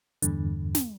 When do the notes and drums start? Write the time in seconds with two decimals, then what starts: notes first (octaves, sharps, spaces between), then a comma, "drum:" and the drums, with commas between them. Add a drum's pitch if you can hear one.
0.22 E2 G2 D3, drum: hi-hat
0.75 drum: snare